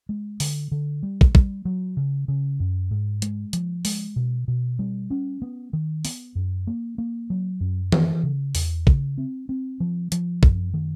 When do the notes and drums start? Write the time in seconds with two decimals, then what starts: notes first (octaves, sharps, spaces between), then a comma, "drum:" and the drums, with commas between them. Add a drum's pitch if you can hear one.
0.09 G#3
0.40 D3, drum: open hi-hat
0.72 D3
1.03 G3
1.21 drum: kick
1.35 G3, drum: kick
1.65 F#3
1.97 C#3
2.28 C#3
2.60 F#2
2.91 G#2
3.22 G#3, drum: hi-hat
3.53 F3, drum: hi-hat
3.85 G#3, drum: open hi-hat
4.16 B2
4.48 B2
4.79 G3
5.10 C#4
5.42 B3
5.73 D#3
6.05 B3, drum: open hi-hat
6.35 F#2
6.67 A#3
6.98 A#3
7.30 F#3
7.60 F#2
7.92 E3, drum: tom D#3
8.23 C#3
8.55 E2, drum: open hi-hat
8.87 C#3, drum: kick
9.18 C4
9.49 C4
9.80 F3
10.12 F3, drum: hi-hat
10.43 F#2, drum: kick
10.74 D#3